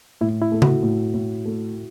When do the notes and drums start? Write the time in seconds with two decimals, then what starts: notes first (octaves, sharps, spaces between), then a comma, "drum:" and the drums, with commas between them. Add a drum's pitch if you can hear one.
0.21 A2 E4
0.42 E4
0.52 A3
0.62 F#4, drum: tom C#3
0.83 A2
1.14 A2
1.45 A3